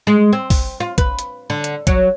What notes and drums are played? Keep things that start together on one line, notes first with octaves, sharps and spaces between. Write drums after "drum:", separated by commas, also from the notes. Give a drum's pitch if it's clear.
G#3
C4
drum: kick, open hi-hat
F4
B4, drum: kick, hi-hat
drum: hi-hat
D3
drum: hi-hat
F#3, drum: kick, hi-hat